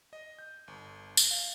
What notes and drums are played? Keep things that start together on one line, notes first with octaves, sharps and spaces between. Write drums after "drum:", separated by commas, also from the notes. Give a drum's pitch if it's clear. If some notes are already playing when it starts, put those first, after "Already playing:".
D#5
G6
G1
drum: tambourine
F5